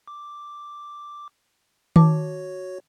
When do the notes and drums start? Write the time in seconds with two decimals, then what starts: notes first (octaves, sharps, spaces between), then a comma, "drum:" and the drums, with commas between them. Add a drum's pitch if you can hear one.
0.07 D6
1.96 F#4 C#5 A5 D6, drum: tom D#3